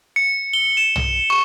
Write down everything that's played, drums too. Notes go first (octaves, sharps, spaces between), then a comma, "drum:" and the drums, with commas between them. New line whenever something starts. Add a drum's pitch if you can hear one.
C#7
G7
E7
drum: tom
C#6